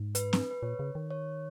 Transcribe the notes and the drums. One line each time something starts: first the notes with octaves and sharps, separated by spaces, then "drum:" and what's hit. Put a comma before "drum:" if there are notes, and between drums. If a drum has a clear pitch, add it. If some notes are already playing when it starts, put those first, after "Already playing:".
Already playing: G#2
B4, drum: hi-hat
drum: snare C4
B4
A#2 C#5
C#3
D#3
C#5